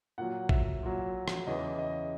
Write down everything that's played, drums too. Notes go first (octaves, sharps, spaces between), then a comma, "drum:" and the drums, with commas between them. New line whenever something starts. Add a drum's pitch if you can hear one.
A#2 F#3 F#5
E5, drum: kick
A#2 F#3
drum: rim click
E2 C#3 E3 D#5
D#5